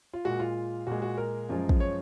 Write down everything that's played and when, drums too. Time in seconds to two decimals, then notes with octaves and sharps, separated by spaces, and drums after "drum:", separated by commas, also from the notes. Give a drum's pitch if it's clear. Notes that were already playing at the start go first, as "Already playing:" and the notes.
0.13 F4
0.25 A#2 G#3 F#4
0.40 F4
0.87 A#2 G#3 F#4
1.02 F#4
1.18 A#4
1.49 F#2 F3 G#3
1.69 drum: kick
1.80 C#5